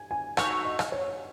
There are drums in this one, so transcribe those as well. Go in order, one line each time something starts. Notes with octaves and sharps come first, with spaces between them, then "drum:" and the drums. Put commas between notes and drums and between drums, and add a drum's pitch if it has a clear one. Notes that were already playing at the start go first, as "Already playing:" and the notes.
Already playing: G#5
G#5
A3 D#4 F#4 C#5 F#5, drum: rim click
D#5
drum: rim click
C#5